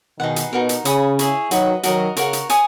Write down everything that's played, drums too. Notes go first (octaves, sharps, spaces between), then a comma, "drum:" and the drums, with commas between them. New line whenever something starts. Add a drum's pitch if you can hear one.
B2 D#3 D#4 G#4 B4 F#5
drum: hi-hat
B2 D#4 F#4 A#4
drum: hi-hat
C#3 C#5 G#5 B5 D#6, drum: hi-hat
E4 G#4 C#5, drum: hi-hat
D#3 F#3 F#4 B4 D#5, drum: hi-hat
D#3 F#3 F#4 A#4 D#5 A#5, drum: hi-hat
C#3 F#4 A#4 C#5, drum: hi-hat
drum: hi-hat
C#5 G#5 D#6, drum: hi-hat